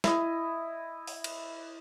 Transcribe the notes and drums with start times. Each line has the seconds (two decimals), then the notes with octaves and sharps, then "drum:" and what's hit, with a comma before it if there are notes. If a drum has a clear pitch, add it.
0.04 E4 D#5, drum: snare
1.07 drum: open hi-hat
1.24 drum: cymbal